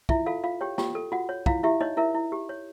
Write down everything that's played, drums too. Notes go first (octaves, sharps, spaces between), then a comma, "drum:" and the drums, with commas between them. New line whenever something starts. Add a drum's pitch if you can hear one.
E4 F4 E5, drum: kick
F4 A4 F5
F4 F5
G4 C#5 G5
F4 G4 G5, drum: snare A#3
A4
F4 F#4 F#5
C#5
E4 F4 F5, drum: kick
E4 G4 E5
D#4 C#5 D#5
E4 A#4 E5
E4
G4
C#5